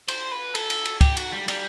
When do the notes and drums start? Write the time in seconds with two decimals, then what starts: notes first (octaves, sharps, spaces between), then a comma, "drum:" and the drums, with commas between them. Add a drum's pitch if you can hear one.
0.08 C5, drum: cymbal
0.32 B4
0.55 A4, drum: cymbal
0.70 drum: cymbal
0.85 drum: cymbal
1.01 G4, drum: kick, cymbal
1.17 F#4, drum: cymbal
1.32 G3
1.48 G3, drum: cymbal